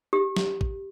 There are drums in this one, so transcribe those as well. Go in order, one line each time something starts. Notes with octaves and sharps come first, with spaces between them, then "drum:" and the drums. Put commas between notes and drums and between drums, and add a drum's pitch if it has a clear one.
G4
drum: snare
drum: kick A1